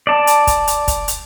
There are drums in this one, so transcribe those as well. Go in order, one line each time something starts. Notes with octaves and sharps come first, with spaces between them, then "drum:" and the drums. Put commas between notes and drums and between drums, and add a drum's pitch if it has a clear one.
D5 A5
drum: hi-hat
drum: kick, hi-hat
drum: hi-hat
drum: kick, hi-hat
drum: hi-hat